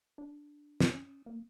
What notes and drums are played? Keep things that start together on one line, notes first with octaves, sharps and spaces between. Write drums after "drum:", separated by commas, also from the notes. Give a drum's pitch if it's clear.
D4
drum: snare
C#4
A#3